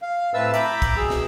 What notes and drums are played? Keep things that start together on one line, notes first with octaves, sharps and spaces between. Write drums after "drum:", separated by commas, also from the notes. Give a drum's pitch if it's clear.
F5
A2 C4 B4 E5 A5 E6
E5 G5 A#5 B5 D6, drum: hi-hat
drum: kick, hi-hat
B2 G#4 E6
drum: snare